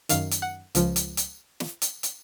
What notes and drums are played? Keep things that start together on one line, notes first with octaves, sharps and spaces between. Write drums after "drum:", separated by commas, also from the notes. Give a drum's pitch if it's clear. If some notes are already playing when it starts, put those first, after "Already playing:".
F#2 D#3 F5, drum: hi-hat
drum: hi-hat
F#5
C#2 C#3 F3, drum: hi-hat
drum: hi-hat
drum: hi-hat
drum: snare
drum: hi-hat
drum: hi-hat